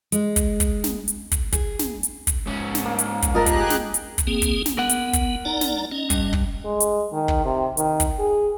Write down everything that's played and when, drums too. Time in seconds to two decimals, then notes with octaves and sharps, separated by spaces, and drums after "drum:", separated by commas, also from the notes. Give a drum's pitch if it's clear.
0.12 G#3, drum: hi-hat
0.36 drum: kick, hi-hat
0.60 drum: kick, hi-hat
0.84 drum: snare
1.08 drum: hi-hat
1.32 drum: kick, hi-hat
1.52 G#4, drum: kick, hi-hat
1.79 drum: snare
2.03 drum: hi-hat
2.27 drum: kick, hi-hat
2.47 G#2 C#4
2.75 drum: snare
2.85 A#3
2.99 drum: hi-hat
3.22 drum: kick, hi-hat
3.35 F4 G4 G#4 A#4 D#5 A5 A#5 F#6
3.46 drum: kick, hi-hat
3.70 drum: snare
3.94 drum: hi-hat
4.18 drum: kick, hi-hat
4.27 A#3 C4 G#4
4.42 drum: kick, hi-hat
4.66 drum: snare
4.78 B3 A#4 F#5
4.89 drum: hi-hat
5.13 drum: kick, hi-hat
5.45 D#4 D5 A#5
5.61 drum: snare
5.91 C#4 D#5
6.10 G2, drum: kick, hi-hat
6.33 drum: kick
6.65 G#3
6.80 drum: hi-hat
7.13 D#3
7.28 drum: kick
7.45 C3
7.77 D#3, drum: hi-hat
8.00 drum: kick, hi-hat
8.19 G#4